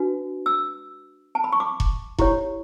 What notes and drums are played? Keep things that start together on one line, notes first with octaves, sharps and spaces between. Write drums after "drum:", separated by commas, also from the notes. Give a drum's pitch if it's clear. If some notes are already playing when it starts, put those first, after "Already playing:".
Already playing: D4 F#4 B4
E6
A5
B5
C#6
D6
drum: kick E1
E4 G4 C#5, drum: kick E1